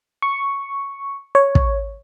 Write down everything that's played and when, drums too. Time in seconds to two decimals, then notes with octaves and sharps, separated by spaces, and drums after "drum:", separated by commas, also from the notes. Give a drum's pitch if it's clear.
0.22 C#6
1.35 C#5
1.55 drum: kick